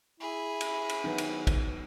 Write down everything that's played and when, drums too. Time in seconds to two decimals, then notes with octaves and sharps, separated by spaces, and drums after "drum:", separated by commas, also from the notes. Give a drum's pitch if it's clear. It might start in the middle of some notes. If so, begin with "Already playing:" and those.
0.20 E4 G#4 B5
0.61 drum: cymbal
0.89 drum: cymbal
1.04 D#3 F#3 B3
1.18 drum: cymbal
1.47 drum: kick, cymbal